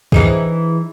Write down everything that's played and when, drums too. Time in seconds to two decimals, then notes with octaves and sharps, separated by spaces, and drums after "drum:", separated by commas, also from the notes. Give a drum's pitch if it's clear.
0.12 E3 D#4 G#4, drum: kick